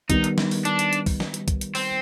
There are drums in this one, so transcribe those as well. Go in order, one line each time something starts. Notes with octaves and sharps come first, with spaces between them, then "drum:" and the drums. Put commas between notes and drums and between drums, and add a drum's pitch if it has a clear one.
D#3 G3 B3 D#4, drum: kick, hi-hat
drum: hi-hat
drum: snare
drum: open hi-hat
D4, drum: hi-hat
drum: hi-hat
drum: hi-hat
drum: kick, open hi-hat
drum: snare
drum: hi-hat
drum: kick, hi-hat
drum: hi-hat
C4, drum: open hi-hat